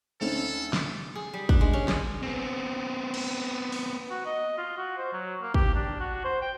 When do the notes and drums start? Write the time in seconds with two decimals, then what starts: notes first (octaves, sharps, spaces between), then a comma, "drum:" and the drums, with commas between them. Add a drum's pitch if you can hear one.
0.21 D2 A3 C4 C#4 D#4 A4 F7
0.73 drum: snare
1.15 G#4
1.33 G3
1.49 D4, drum: kick
1.61 G#3
1.73 C#4
1.88 G2, drum: snare
2.23 B3 C4
3.14 drum: cymbal
3.72 drum: open hi-hat
4.10 F#4
4.26 D#5
4.58 F4
4.78 F#4
4.98 C5
5.12 F#3
5.42 A#3
5.54 G4, drum: kick
5.74 D4
6.00 F#4
6.24 C5
6.42 G5